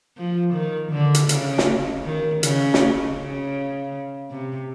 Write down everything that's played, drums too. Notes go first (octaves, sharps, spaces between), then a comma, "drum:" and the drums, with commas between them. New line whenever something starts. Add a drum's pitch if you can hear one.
F3
D#3
D3
drum: hi-hat
C#3, drum: hi-hat
drum: snare
D#3
C#3, drum: hi-hat
drum: snare
C#3
C3